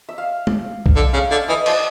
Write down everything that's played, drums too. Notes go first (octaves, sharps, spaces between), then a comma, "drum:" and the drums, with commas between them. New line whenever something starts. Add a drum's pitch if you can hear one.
E5
F5
drum: tom
drum: kick B1
D3 E5
C#3 F5
D3 E5
E3 D#5
F3 D5, drum: cymbal